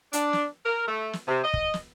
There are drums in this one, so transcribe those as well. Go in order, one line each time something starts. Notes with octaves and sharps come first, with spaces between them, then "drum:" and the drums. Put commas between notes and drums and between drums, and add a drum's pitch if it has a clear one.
D4, drum: hi-hat
drum: snare
A#4
A3
drum: snare
C3
D#5
drum: kick
drum: snare